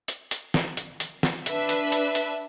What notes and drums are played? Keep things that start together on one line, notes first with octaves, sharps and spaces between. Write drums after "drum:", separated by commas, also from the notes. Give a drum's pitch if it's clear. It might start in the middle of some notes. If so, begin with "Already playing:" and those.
drum: hi-hat
drum: hi-hat
drum: snare
drum: hi-hat
drum: hi-hat
drum: snare
D4 B4 E5, drum: hi-hat
drum: hi-hat
drum: hi-hat
drum: hi-hat